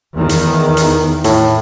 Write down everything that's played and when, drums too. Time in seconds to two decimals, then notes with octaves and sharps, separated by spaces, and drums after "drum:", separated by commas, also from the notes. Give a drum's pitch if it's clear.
0.14 E2 D#3
0.29 drum: hi-hat
0.77 drum: hi-hat
1.24 A2, drum: hi-hat